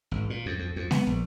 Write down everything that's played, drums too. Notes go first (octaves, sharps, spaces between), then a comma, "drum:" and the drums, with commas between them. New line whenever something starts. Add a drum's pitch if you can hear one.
G#1
A#2
F2
F2
F2
B3, drum: snare
A#1